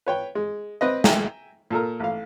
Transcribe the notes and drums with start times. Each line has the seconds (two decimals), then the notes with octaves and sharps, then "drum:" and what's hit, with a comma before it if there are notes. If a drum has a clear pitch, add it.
0.07 B4 C#5 G5
0.35 G#3
0.81 C4 B4 D#5
1.04 E5 G5 G#5 A#5, drum: snare
1.71 A#2 A4 A#4
2.00 A1 F5